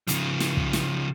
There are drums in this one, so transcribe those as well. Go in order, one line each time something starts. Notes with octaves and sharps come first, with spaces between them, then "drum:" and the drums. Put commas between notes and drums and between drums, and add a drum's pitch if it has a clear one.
C#3 F3, drum: hi-hat
drum: snare
drum: kick
drum: snare